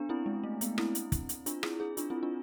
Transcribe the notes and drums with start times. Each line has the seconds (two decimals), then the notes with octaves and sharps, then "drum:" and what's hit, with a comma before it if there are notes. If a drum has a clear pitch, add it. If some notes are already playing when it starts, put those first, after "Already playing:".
Already playing: B3 D4
0.09 C4 E4
0.26 G#3
0.44 A3
0.61 B3, drum: hi-hat
0.78 C4 E4, drum: rim click
0.95 drum: hi-hat
1.12 drum: kick, hi-hat
1.29 drum: hi-hat
1.46 D4 F4, drum: hi-hat
1.63 E4 G#4, drum: rim click
1.80 E4 G#4
1.97 D4 F4, drum: hi-hat
2.10 C4 E4
2.23 D4 F4